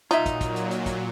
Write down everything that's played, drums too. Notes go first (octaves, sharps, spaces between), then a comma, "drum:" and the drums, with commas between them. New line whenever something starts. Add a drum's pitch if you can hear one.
A#2 F#3 D#4 F4 E5, drum: hi-hat
drum: kick, hi-hat
drum: kick, hi-hat
drum: hi-hat
drum: hi-hat
drum: kick, hi-hat